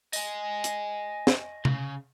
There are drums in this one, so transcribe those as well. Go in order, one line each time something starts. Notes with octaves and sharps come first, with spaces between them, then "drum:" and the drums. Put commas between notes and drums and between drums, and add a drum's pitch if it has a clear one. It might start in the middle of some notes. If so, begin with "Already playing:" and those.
D#5 G#5, drum: tambourine
drum: hi-hat
drum: snare
C#3, drum: tom C3